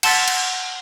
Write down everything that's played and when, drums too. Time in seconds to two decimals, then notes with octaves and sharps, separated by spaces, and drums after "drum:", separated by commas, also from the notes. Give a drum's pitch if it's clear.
0.03 F#5 A5 C6 E6 A6 B6, drum: cymbal
0.28 drum: cymbal